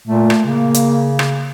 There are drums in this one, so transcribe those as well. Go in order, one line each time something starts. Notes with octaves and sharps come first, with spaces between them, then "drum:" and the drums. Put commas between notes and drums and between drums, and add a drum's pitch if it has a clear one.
A#2 A3
drum: rim click
C#3 A#3
drum: hi-hat
drum: rim click